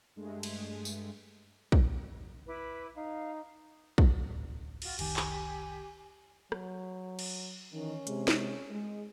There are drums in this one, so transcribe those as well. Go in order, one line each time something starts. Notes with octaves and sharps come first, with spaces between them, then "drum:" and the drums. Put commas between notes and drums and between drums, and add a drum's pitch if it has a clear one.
G2 G#3 A3
drum: cymbal
drum: tambourine
drum: kick
E4 B4 D6
D#4 F5
drum: kick
D1
F4 F#4, drum: cymbal
F1 C2 D#3 G4 G#5, drum: cymbal
drum: clap
F#3, drum: rim click
drum: cymbal
D#3 E3 C#4
C3 G#3, drum: hi-hat
drum: snare
G#3